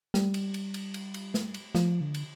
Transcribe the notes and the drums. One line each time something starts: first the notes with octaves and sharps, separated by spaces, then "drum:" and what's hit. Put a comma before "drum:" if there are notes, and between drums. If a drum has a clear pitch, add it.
G3, drum: snare
drum: cymbal
drum: cymbal
drum: cymbal
drum: cymbal
drum: cymbal
drum: snare
drum: cymbal
F3, drum: snare
D3
drum: cymbal